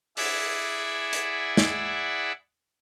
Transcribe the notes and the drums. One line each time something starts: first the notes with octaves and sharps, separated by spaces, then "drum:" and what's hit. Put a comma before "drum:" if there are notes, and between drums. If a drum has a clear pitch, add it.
E4 G#4 D5 E5 F#5, drum: open hi-hat
drum: hi-hat
drum: snare